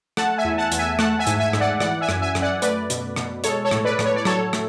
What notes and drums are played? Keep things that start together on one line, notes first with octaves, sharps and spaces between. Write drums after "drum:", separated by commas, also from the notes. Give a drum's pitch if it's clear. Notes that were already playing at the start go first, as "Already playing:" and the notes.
A3 F#5 A5, drum: rim click
E5 G#5
E2
F#5 A5
E2, drum: hi-hat
E5 G#5
A3 F#5 A5, drum: rim click
E5 G#5
G#2, drum: hi-hat
E5 G#5
G#2, drum: rim click
D5 F#5
E3 D5 F#5, drum: rim click
E5 G#5
F#2, drum: rim click
E5 G#5
F#2, drum: rim click
D5 F#5
A3 B4 D5, drum: hi-hat
B2, drum: hi-hat
B2, drum: rim click
G#3 A4 C#5, drum: hi-hat
A4 C#5
A2, drum: rim click
B4 D5
A2, drum: rim click
C#5
D5
F#3 A4 C#5, drum: rim click
A3, drum: rim click